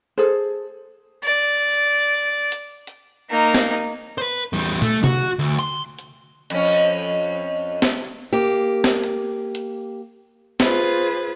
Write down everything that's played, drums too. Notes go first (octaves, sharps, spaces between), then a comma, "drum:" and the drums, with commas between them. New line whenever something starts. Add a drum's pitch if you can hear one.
G#4 A4 C5
D5
drum: hi-hat
drum: hi-hat
A#3 D#4
drum: snare
B4 C5
E2 G3
A3, drum: tom
F#4, drum: tom C3
D2
C6, drum: hi-hat
drum: hi-hat
F2 C#4, drum: hi-hat
drum: snare
A#3 G4
drum: snare
drum: hi-hat
drum: hi-hat
F4 G#4 B4 C5, drum: snare